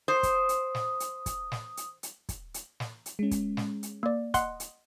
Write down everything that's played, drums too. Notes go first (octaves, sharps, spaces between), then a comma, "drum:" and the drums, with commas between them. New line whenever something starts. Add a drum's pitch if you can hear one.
C5 D#6
drum: kick, hi-hat
drum: hi-hat
drum: snare
drum: hi-hat
drum: kick, hi-hat
drum: snare
drum: hi-hat
drum: hi-hat
drum: kick, hi-hat
drum: hi-hat
drum: snare
drum: hi-hat
G#3 C#4
drum: kick, hi-hat
drum: snare
drum: hi-hat
A#3 D5
D#5 F#5 C6 F#6, drum: kick, hi-hat
drum: hi-hat